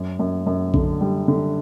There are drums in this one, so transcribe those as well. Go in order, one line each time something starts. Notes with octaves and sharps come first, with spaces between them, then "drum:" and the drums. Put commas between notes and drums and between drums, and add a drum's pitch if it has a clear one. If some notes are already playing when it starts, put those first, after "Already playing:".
Already playing: F#2
F#2
F#2
D3, drum: kick B1
G3
D3